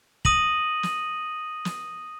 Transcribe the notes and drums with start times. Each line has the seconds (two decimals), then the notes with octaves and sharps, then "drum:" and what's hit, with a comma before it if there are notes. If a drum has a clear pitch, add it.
0.25 D#6 A#6 D#7 F#7, drum: kick
0.83 drum: snare
1.65 drum: snare